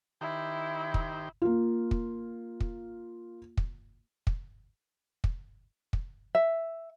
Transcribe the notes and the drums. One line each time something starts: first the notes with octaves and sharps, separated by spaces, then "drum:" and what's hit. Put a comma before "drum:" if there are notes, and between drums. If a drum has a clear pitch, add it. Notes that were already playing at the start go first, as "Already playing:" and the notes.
D#3 E4 G4 C5
drum: kick
A#3 F4
drum: kick
drum: kick
drum: kick
drum: kick
drum: kick
drum: kick
E5